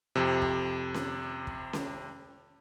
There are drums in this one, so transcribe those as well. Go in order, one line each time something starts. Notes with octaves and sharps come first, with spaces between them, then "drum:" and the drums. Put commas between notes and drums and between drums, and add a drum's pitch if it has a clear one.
F2 C3
drum: kick
drum: snare C#4
drum: kick
drum: snare C#4